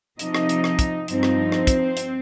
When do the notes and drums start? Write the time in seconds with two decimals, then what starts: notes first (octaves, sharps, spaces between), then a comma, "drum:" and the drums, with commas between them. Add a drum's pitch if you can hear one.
0.19 C3 F3 C4 D#4 D#5, drum: hi-hat
0.34 drum: rim click
0.49 drum: hi-hat
0.64 drum: rim click
0.79 drum: kick, hi-hat
1.08 G2 F3 C4 D#4, drum: hi-hat
1.23 drum: rim click
1.52 C4 C5, drum: rim click
1.67 drum: kick, hi-hat
1.97 drum: hi-hat